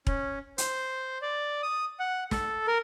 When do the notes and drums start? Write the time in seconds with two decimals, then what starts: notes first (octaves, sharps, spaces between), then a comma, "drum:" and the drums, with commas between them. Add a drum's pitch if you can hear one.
0.07 C#4, drum: kick E1
0.58 C5, drum: hi-hat
1.22 D5
1.62 D#6
2.00 F#5
2.31 A4, drum: snare
2.67 A#4